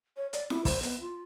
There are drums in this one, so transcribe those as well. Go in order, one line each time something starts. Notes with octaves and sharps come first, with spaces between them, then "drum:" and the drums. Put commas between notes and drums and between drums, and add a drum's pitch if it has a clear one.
C#5
D5, drum: hi-hat
E4, drum: snare F4
C5, drum: kick, open hi-hat
B3, drum: hi-hat
F4